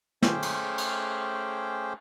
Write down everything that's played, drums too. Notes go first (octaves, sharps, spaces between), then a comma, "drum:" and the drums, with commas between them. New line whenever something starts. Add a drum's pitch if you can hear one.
A3 C#4 G#4 C5 G5 D6, drum: snare
drum: cymbal
drum: cymbal